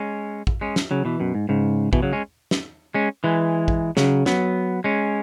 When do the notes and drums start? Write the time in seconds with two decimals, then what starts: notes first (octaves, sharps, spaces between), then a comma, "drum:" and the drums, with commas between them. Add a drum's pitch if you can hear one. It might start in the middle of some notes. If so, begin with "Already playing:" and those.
Already playing: G#3 C#4
0.47 drum: kick
0.61 G#3 C#4
0.76 drum: snare
0.91 C#3 F#3
1.05 B2 E3
1.20 F#2 B2
1.35 G#2
1.49 G#2 C#3
1.93 B2 E3, drum: kick
2.02 C#3 F#3
2.13 G#3 C#4
2.51 drum: snare
2.94 G#3 C#4
3.24 E3 G#3
3.68 drum: kick
3.97 C#3 F#3, drum: snare
4.26 F#3 B3, drum: snare
4.84 G#3 C#4